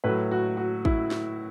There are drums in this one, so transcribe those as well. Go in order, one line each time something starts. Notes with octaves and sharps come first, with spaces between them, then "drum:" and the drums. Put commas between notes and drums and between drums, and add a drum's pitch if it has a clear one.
A2 F#3 B4
F#4
F#4
E4, drum: kick
drum: snare